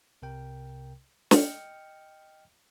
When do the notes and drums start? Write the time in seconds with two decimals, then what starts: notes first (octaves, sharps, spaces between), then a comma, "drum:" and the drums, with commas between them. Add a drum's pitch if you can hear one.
0.22 C2 C3 A#4 G5
1.31 D#5 G5 F6 C#7, drum: snare